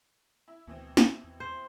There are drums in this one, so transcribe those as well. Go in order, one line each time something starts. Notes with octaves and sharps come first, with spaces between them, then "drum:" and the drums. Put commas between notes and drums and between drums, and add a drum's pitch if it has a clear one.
E4
D2 B2 E3 C4
drum: snare
B3
E2
C5